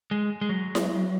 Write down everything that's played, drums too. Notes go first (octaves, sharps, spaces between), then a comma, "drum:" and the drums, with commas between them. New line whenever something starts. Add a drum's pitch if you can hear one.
G#3
G#3
F#3
drum: snare E4